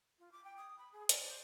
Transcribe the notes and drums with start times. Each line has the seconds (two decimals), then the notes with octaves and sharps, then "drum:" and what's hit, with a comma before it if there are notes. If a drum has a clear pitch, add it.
0.19 F4
0.32 D6
0.44 G5
0.57 D#6
0.78 B5
0.93 G#4
1.09 D5, drum: hi-hat
1.29 C5